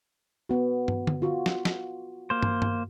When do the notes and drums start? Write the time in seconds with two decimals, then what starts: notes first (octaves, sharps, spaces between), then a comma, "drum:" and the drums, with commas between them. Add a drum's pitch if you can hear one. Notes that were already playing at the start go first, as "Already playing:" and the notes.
0.49 B3 F#4
0.88 drum: tom
1.07 drum: tom D3
1.22 F4 F#4
1.46 drum: snare
1.65 drum: snare
2.30 A#3 C5
2.43 drum: tom
2.62 drum: tom G2